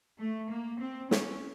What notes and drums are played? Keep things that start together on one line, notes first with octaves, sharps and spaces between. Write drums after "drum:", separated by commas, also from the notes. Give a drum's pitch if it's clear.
A3
A#3
C4
C#4, drum: snare